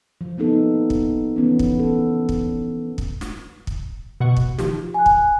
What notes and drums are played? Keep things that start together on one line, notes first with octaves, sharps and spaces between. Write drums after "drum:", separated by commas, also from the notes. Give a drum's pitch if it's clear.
F3
F3 A#3 B3 D#4 A4
drum: kick
E3 B3 C#4
drum: kick
C#4 A4
drum: kick
drum: kick
drum: snare
drum: kick
B2 F#5 C#6
drum: kick
D#3 F3 G4, drum: snare
G#5 F#6
drum: kick